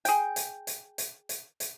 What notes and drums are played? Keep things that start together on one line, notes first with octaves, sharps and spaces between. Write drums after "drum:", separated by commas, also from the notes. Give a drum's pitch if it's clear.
G#4 G5, drum: hi-hat
drum: hi-hat
drum: hi-hat
drum: hi-hat
drum: hi-hat
drum: hi-hat